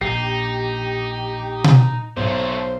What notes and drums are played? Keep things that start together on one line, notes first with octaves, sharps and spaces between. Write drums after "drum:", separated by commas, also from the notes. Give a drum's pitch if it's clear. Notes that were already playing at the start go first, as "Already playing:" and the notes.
A#1 D#4 G4 C7
drum: tom B2
B1 A#2 A3 C5